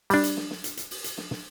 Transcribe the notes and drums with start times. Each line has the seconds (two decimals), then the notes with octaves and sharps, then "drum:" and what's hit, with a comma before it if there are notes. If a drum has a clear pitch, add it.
0.10 G3 D4, drum: open hi-hat
0.24 drum: hi-hat
0.37 drum: snare
0.50 drum: snare
0.64 drum: hi-hat
0.77 drum: hi-hat
0.91 drum: open hi-hat
1.04 drum: hi-hat
1.18 drum: snare
1.31 drum: snare